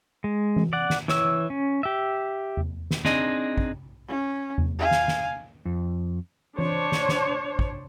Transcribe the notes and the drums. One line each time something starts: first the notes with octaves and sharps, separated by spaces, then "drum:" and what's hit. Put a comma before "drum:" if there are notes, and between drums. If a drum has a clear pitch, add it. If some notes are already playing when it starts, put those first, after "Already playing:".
G#3
drum: tom E3
D5 F#5
drum: snare
E3 C#5 E6, drum: snare
C#4
G4 E5
drum: tom E2
drum: snare
C4 D4 D#4 G#4 D#5, drum: snare
drum: kick
C#4
drum: tom E2
F5 G#5
drum: snare
drum: snare
F2
D4 C5 C#5, drum: tom E3
drum: snare
drum: snare
drum: kick